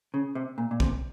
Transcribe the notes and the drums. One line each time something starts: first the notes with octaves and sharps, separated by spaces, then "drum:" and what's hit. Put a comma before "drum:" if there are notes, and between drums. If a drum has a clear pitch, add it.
C#3
C3
A#2
A#2
C3, drum: kick